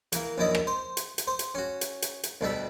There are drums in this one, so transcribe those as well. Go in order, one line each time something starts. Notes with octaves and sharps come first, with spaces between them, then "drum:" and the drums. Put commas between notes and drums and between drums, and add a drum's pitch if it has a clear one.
E3 A#3, drum: hi-hat
A#1 F#2 D#3 E4 D#5
drum: rim click
C5
drum: hi-hat
drum: hi-hat
C5
drum: hi-hat
C#4 F#4
drum: hi-hat
drum: hi-hat
drum: hi-hat
D2 B2 G3 E5